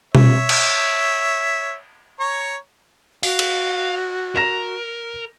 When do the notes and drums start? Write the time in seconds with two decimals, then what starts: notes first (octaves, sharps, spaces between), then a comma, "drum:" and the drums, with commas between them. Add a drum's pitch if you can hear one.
0.15 C#5 E5, drum: tom B2
0.49 drum: cymbal
2.20 C#5 A#5 C#6
3.23 F#4 F5, drum: open hi-hat
3.39 drum: cymbal
4.36 A#4 A#5 A#6 E7